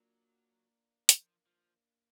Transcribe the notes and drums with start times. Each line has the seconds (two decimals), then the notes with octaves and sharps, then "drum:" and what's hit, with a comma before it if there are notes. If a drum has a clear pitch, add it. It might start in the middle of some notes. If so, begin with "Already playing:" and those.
Already playing: F#3 A#3 D4 F4
1.09 F3, drum: hi-hat
1.47 F3